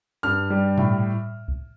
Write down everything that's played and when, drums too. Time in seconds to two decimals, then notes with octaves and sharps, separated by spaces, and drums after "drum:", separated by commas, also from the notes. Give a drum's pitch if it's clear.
0.23 G2 F6
0.50 G3
0.78 A2, drum: tom A#2
1.48 drum: kick C2